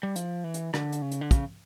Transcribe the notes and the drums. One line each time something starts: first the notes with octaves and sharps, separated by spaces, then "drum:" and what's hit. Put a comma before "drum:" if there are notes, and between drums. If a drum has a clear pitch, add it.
G3
F3, drum: hi-hat
E3
drum: hi-hat
D3, drum: rim click
drum: hi-hat
C#3
drum: hi-hat
D3
C#3, drum: kick, hi-hat